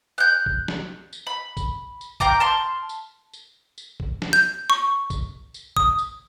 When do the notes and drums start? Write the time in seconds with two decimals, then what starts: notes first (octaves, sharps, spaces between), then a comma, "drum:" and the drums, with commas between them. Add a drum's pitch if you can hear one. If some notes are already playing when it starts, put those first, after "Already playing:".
0.18 F#6 G6
0.46 drum: kick
0.68 drum: snare
1.13 drum: tambourine
1.27 B5
1.57 drum: kick, tambourine
2.01 drum: tambourine
2.20 F5 G5 A#5 D6, drum: kick
2.40 A5 C6 F6
2.89 drum: tambourine
3.33 drum: tambourine
3.78 drum: tambourine
4.00 drum: kick
4.22 drum: snare
4.33 G6
4.70 C#6
5.10 drum: kick, tambourine
5.54 drum: tambourine
5.77 D#6, drum: kick
5.99 drum: tambourine